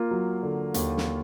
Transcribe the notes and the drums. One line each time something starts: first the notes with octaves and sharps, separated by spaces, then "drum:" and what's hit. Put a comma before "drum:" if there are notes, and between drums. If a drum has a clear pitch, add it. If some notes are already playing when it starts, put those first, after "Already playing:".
Already playing: A#3 F4
F#3
D3
D#2, drum: hi-hat
drum: snare